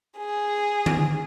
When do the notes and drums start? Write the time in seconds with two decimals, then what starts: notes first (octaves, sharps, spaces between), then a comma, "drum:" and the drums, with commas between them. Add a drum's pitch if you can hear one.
0.18 G#4
0.86 drum: tom D3